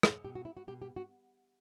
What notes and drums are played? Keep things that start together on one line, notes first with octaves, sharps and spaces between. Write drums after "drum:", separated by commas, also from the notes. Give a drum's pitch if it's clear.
drum: rim click
B2 G4
F#4
E4
F#4
B2 G4
G4
F#4